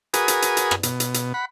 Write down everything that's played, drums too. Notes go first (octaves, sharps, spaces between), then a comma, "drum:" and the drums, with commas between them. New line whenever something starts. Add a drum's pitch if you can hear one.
F#4 G#4 A#4 B4 G#5 D#6, drum: hi-hat
drum: hi-hat
drum: hi-hat
drum: hi-hat
drum: rim click
B2, drum: hi-hat
drum: hi-hat
drum: hi-hat
F#5 B5